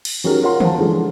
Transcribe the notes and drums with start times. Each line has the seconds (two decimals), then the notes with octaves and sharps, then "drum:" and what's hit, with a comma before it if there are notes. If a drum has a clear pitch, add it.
0.05 drum: cymbal
0.24 F#3 C#4 D#4 G4 G#4 A#4
0.42 F4 A#4 C#5 F#5 C6
0.60 C5 F5 A5, drum: tom
0.78 D3 E3 F3 G#3 A4